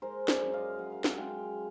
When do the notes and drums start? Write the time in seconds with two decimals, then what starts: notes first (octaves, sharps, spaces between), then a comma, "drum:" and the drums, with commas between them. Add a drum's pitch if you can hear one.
0.02 G#3 A#4 C5
0.28 D5 E5, drum: snare
0.42 F#2
0.53 D#5 F5
0.79 F#2 F#5
0.92 F5
1.04 E5 F#5, drum: snare
1.17 G#3 F5 G5